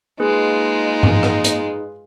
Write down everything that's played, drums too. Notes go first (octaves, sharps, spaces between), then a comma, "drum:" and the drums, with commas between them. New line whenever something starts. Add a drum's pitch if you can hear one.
G#3 A#3 D#4 F4 G#4 B4
drum: tom G2
drum: rim click
drum: hi-hat